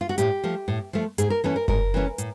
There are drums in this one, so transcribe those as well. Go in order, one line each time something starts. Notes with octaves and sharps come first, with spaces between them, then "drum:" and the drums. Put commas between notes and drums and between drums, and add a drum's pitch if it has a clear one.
F4
F#4
A2 G4, drum: hi-hat
F3 A3
A2
F3 A3
G#2 G#4, drum: hi-hat
A#4
E3 A3 C#4 A4
A#4
G#2 A#4, drum: kick F#1
E3 A3 C#4
A2, drum: hi-hat